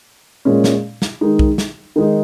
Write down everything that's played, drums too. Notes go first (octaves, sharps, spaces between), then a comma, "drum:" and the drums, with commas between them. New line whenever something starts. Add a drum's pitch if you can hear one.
A#2 G#3 C#4
drum: snare
drum: snare
D#3 G#3 D#4
drum: kick B1
drum: snare
D#3 G#3 D#4